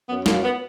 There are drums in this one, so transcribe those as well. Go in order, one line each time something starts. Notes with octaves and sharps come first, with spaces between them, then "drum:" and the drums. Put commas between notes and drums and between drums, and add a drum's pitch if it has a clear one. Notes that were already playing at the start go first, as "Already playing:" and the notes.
F#2 B3
F#2 A#3, drum: snare
B3